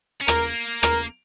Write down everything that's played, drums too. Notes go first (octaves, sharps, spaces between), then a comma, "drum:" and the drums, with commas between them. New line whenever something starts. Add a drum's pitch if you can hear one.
C#4
A#3 A#4, drum: rim click
A#4, drum: rim click